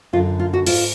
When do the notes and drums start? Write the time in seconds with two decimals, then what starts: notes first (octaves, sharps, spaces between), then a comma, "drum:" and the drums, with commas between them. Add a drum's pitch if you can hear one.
0.13 F#2 D3 F4
0.40 F4
0.53 F#4
0.67 G#2 F4, drum: open hi-hat